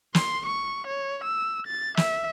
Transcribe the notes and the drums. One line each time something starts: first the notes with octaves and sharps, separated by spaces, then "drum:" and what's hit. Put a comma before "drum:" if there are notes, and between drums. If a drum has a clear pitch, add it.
C6, drum: snare
C#6
C#5
E6
A6
E5, drum: snare